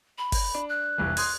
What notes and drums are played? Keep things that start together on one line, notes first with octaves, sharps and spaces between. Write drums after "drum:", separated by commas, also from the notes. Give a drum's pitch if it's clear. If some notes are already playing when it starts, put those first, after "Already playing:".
B5
drum: kick G1, open hi-hat
D4
F#6
F1 C2 E3
C6 D#6 G#6, drum: open hi-hat